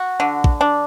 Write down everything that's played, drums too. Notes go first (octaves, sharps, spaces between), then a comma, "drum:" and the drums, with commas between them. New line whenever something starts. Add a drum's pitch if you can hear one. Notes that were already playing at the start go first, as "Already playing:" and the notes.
Already playing: F#4
D3
drum: kick
D4